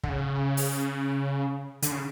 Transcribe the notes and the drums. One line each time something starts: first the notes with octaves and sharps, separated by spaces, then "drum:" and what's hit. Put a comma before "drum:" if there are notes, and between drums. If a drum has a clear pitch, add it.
D3, drum: kick
C#3
drum: open hi-hat
D3, drum: hi-hat
C#3